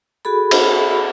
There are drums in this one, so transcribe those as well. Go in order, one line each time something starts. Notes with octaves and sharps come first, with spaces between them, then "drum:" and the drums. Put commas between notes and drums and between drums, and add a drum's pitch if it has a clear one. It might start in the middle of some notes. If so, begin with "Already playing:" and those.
F#4 G#4 A4 B5
drum: cymbal